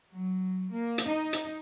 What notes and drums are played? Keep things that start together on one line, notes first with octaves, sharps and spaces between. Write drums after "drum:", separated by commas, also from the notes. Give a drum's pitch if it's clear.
F#3
A#3
drum: hi-hat
D#4
drum: hi-hat